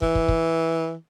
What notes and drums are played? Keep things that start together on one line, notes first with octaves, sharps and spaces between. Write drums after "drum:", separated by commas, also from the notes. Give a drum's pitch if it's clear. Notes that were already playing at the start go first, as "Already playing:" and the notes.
E3, drum: kick
drum: kick
drum: kick